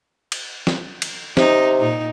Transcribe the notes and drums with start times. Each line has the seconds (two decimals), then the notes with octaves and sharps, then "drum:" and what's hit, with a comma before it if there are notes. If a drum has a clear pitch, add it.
0.32 drum: cymbal
0.67 drum: snare
1.02 drum: cymbal
1.37 C3 D#4, drum: snare
1.80 A#2 D#4